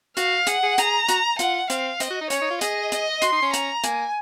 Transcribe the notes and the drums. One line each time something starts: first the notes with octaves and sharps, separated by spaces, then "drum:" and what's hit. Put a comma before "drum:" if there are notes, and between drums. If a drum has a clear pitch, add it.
F#4 F5, drum: hi-hat
G#4 F#5, drum: hi-hat
G#4
G#4 A#5, drum: hi-hat
F#4, drum: hi-hat
F4 F#5, drum: hi-hat
C4 F5, drum: hi-hat
C4 D#5, drum: hi-hat
F#4
D#4
C#4 C#5, drum: hi-hat
D#4
F4
G#4 D#5, drum: hi-hat
D#5, drum: hi-hat
F#4 C6, drum: hi-hat
D#4
C#4
A#5, drum: hi-hat
A#3 G#5, drum: hi-hat